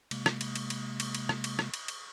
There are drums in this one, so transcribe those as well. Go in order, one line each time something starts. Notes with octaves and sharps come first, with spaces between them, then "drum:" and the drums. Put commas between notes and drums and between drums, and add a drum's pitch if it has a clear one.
C3 G#3 A#3, drum: cymbal
drum: rim click
drum: cymbal
drum: cymbal
drum: cymbal
drum: cymbal
drum: cymbal
drum: rim click
drum: cymbal
drum: rim click
drum: cymbal
drum: cymbal